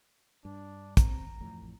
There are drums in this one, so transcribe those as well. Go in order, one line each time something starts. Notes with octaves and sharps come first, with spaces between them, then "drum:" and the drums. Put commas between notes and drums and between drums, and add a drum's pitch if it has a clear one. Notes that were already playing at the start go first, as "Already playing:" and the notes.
G2 D4
C4 A#5, drum: kick, hi-hat
A1 F2 A2